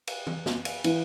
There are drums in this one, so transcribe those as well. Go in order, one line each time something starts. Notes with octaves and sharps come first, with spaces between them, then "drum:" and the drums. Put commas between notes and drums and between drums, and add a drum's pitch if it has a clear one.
drum: cymbal
drum: tom
drum: snare
drum: cymbal
E3, drum: cymbal